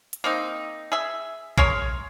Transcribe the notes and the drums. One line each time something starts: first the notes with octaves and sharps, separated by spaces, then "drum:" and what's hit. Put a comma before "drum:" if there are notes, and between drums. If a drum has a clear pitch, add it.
drum: hi-hat
A#3 C4 D#4
G#4 E5
G#3 A#4 C#5 C6, drum: kick